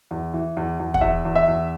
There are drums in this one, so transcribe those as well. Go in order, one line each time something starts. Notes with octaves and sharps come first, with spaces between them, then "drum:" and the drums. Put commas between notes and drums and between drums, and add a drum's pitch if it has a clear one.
E2
E3
E2
E2
F#5, drum: kick
E2 E5
E2
E5
E2